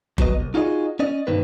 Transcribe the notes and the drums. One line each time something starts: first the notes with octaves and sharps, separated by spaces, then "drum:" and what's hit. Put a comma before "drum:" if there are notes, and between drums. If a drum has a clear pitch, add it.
D#2 F#3 B3 D#5, drum: kick F#1
C2
D#4 F4 F#4 G#4 C5 D#5
C#4 D5 D#5
G2 B2 D#3 A#3 C4 B4